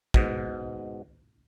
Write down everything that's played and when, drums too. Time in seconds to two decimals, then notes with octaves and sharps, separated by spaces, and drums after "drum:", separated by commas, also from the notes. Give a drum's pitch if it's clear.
0.14 G#2 B2, drum: kick